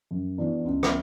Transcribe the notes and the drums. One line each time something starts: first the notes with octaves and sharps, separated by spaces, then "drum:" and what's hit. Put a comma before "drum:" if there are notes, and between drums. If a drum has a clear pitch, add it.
F#2
E3 B3 D4 F#4
C#2
drum: rim click